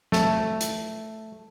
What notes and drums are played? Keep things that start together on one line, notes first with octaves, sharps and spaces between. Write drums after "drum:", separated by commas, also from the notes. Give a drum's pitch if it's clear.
A3, drum: snare
drum: hi-hat